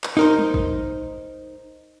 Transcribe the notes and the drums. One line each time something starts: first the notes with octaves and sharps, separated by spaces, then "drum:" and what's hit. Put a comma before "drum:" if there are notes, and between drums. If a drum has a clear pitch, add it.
drum: clap
D#4 A#4 C5
drum: tom G3
drum: kick